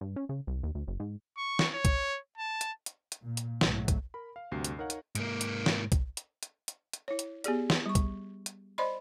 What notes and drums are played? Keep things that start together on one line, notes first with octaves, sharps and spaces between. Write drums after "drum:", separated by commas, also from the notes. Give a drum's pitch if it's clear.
G2
C#4
C#3
C2
D#2
D2
F#1
G#2
C#6
drum: snare
C#5
drum: kick, hi-hat
A5
drum: hi-hat
drum: hi-hat
drum: hi-hat
A#2
drum: hi-hat
B1 G#2 F#3 A3, drum: snare
drum: kick, hi-hat
A#4 B5
F5
D2 G2 C3 F#4 C7
drum: hi-hat
D#4 A#4 C#5 F5 F#5
drum: hi-hat
G#2 A#3, drum: hi-hat
drum: hi-hat
drum: snare
drum: kick, hi-hat
drum: hi-hat
drum: hi-hat
drum: hi-hat
drum: hi-hat
E4 C#5
drum: hi-hat
B3 G4 G#4 D5, drum: hi-hat
drum: snare
G3 C#6
drum: kick, hi-hat
drum: hi-hat
C5 D5 D#5 B5 C6